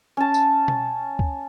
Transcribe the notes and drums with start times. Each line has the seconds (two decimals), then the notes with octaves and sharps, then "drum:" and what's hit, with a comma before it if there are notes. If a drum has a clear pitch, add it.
0.17 C#4 A5
0.34 drum: tambourine
0.68 drum: tom B2
1.19 drum: kick